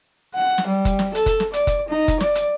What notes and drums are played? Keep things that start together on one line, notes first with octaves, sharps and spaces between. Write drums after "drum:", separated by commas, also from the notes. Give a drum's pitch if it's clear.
F#5
drum: snare
G3
drum: kick, hi-hat
drum: snare
A4, drum: hi-hat
drum: kick, hi-hat
drum: snare
D5, drum: hi-hat
drum: kick, hi-hat
D#4
drum: kick, hi-hat
D5, drum: snare
drum: hi-hat